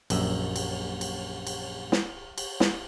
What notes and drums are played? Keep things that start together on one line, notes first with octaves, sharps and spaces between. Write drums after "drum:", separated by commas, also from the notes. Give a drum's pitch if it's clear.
A#1 F#2 E5, drum: cymbal
drum: cymbal
drum: cymbal
drum: cymbal
drum: snare
drum: cymbal
drum: snare